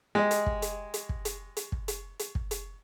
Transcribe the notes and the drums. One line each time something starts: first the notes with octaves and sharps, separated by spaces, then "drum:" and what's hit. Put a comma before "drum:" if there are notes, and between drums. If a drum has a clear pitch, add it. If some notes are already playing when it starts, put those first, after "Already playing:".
G#3 G4 D#5
drum: hi-hat
drum: kick
drum: hi-hat
drum: hi-hat
drum: kick
drum: hi-hat
drum: hi-hat
drum: kick
drum: hi-hat
drum: hi-hat
drum: kick
drum: hi-hat